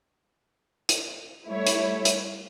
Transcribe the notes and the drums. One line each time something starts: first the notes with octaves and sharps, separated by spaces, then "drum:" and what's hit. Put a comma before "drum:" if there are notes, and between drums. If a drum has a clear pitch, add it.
drum: hi-hat
G3 A3 E4 C#5
drum: hi-hat
drum: hi-hat